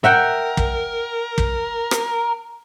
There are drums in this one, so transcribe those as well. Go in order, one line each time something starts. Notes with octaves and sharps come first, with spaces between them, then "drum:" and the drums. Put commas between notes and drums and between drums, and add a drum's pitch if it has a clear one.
A#4 E5 F#5 G5
drum: kick
drum: kick
drum: rim click